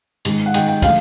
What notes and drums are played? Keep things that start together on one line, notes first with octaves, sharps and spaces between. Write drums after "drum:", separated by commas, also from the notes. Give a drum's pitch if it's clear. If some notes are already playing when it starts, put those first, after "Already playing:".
G#2 D#3 G#3, drum: cymbal
F#5
G#2 D#3 G#3 G5, drum: cymbal
G5
D3 F3 A3 F5, drum: kick, cymbal